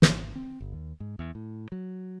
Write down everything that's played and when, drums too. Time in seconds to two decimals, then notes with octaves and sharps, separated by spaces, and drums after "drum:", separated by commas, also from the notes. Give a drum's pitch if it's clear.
0.02 G#1, drum: snare
0.36 C4
0.60 G1
0.73 D#2
1.00 G#2
1.19 E2
1.35 A2
1.72 F#3